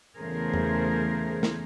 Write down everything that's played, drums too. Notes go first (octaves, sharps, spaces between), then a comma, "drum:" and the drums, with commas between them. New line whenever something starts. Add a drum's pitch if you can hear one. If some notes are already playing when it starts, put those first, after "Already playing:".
E2 C#3 A3 G#4 A#4 C5
drum: tom E2
drum: snare